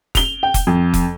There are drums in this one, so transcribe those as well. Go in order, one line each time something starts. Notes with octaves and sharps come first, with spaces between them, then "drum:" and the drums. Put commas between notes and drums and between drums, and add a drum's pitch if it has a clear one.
F7 G7, drum: kick F1, hi-hat
G5
drum: kick F1, hi-hat
F2
drum: kick F1, hi-hat